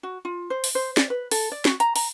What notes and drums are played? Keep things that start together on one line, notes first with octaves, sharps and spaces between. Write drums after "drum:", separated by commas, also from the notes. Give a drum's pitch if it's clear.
F#4
F4
C5
drum: open hi-hat
C5
D5, drum: snare
B4
A4, drum: open hi-hat
D5
F#4, drum: snare
A#5, drum: hi-hat
A#5, drum: open hi-hat